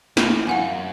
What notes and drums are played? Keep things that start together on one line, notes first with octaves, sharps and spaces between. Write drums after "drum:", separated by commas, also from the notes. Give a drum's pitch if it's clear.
C#4 E4, drum: snare
F#2 F5 F#5 G#5